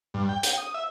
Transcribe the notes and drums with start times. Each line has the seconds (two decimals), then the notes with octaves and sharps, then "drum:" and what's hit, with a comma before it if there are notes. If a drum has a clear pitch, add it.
0.14 G2
0.29 G5
0.43 G5, drum: hi-hat
0.58 D#6
0.74 E5